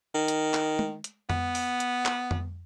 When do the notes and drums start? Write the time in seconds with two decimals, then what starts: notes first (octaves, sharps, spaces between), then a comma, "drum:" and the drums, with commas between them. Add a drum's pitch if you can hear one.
0.15 D#3
0.28 drum: hi-hat
0.54 drum: clap
0.79 drum: tom G#3
1.04 drum: hi-hat
1.30 B3, drum: tom F2
1.55 drum: open hi-hat
1.80 drum: hi-hat
2.05 drum: clap
2.31 drum: tom F2